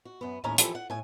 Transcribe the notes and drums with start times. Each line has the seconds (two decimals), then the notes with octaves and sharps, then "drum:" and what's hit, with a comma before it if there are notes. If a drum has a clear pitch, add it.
0.05 F#4
0.21 F#2 B3
0.44 D#2 A2 C#4 G#5 A#5
0.58 E3 F3 E4 G4 A4, drum: hi-hat
0.75 F#5
0.90 A2 G#5